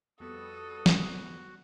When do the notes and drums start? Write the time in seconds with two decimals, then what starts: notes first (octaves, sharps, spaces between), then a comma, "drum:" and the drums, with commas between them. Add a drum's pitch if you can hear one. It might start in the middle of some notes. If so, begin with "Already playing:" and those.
0.20 F2 G3 B3 F#4 A4 D#6
0.86 drum: snare